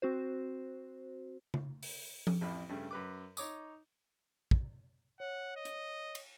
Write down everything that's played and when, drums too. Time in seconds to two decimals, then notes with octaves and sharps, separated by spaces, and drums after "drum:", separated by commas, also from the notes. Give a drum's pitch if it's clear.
0.02 C4 F#4 C5
1.54 drum: tom C#3
1.83 drum: open hi-hat
2.27 drum: tom F3
2.41 A1 F2 E4 B5
2.69 G2 C#3 A3
2.91 F#2 B4 D6
3.37 D#4 C#5 D6 D#6, drum: tambourine
4.51 drum: kick
5.20 C#5 F#5
5.56 D#5
5.65 drum: hi-hat
6.15 drum: cymbal